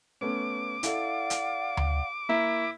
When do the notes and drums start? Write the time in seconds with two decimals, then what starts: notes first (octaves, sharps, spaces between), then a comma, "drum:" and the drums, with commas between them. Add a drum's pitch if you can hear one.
0.21 A3 B3 C#4 D6
0.83 E4 A4 D5 F5 F#5, drum: hi-hat
1.30 drum: hi-hat
1.77 drum: tom D2
2.29 A#3 E4 A#4 E5